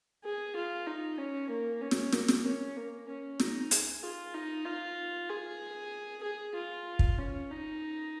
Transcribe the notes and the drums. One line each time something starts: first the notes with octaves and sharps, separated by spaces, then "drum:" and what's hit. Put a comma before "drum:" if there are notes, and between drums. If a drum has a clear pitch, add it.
G#4
F4
D#4
C#4
A#3
C#4
drum: snare
A#3, drum: snare
drum: snare
C#4
A#3
C#4
D#4, drum: snare
G#4, drum: hi-hat
F4
D#4
F4
G#4
G#4
F4
drum: kick
C#4
D#4